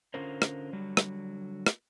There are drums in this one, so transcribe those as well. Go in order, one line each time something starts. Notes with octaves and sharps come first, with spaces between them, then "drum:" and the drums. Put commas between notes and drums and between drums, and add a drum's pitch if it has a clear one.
D3 C#4 F4 A#4 C5
drum: rim click
D3 F#3 G3
drum: rim click
drum: rim click